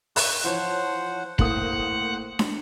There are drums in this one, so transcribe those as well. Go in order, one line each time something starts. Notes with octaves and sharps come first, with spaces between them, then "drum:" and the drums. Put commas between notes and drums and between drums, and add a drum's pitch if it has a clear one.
C#6 F#6, drum: open hi-hat
E3 F3 C5 C#5 F#5
A2 A#3 C5 F#5 D#6, drum: kick
drum: snare